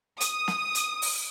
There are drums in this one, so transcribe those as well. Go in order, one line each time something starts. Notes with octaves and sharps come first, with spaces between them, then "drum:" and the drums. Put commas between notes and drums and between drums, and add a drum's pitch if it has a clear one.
D#6, drum: hi-hat
drum: snare
drum: hi-hat
drum: open hi-hat